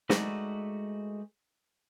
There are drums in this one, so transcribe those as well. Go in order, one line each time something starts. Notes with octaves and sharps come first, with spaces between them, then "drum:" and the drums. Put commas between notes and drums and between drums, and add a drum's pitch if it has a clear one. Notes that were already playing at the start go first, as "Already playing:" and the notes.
G#3 A3 D#4 F#4 B4 D5, drum: snare